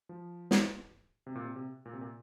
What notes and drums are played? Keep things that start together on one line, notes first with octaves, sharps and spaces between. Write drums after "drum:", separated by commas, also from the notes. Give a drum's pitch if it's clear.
F3
drum: snare
C3
A#2
C3
C3
A#2
C3
A#2